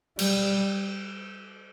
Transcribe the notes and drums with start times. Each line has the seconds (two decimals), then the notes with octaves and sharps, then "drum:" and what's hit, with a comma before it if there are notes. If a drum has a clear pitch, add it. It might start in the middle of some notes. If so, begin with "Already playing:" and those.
0.19 G3, drum: cymbal